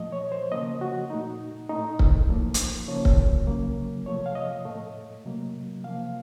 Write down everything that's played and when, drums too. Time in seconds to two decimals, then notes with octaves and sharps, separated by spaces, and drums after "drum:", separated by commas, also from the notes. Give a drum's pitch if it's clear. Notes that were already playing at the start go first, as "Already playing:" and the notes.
Already playing: A#2 F3 A3 D#5
0.12 C#5
0.32 C5
0.52 C#3 F3 A#3 D#5
0.81 F#4
1.10 A#2 A3 D#4
1.70 A2 A3 D#4
1.99 drum: kick C#1
2.29 A2 F3 A#3
2.54 drum: hi-hat
2.88 C#3 F3 A#3 C#5
3.05 drum: kick C#1
3.47 C#3 F#3 A#3
4.06 C3 F3 A3 C#5
4.26 F5
4.35 D#5
4.65 A2 A3
5.25 C3 F#3 A#3
5.84 C3 F3 A#3 F5